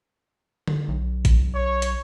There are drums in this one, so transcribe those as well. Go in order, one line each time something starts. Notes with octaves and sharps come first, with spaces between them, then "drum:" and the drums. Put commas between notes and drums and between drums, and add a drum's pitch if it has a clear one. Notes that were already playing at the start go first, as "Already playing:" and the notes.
drum: tom D3
B1
drum: kick A1, hi-hat
C#5
drum: hi-hat